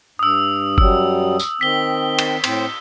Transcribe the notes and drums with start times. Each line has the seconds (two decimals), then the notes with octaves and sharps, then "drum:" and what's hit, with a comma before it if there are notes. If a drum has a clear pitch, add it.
0.19 G2 D#6 E6
0.78 F#2 F#3 G3 E6, drum: kick G1
1.39 drum: tambourine
1.61 D#3 C4 B6 G7
2.19 drum: cymbal
2.44 A2 C4 C5, drum: cymbal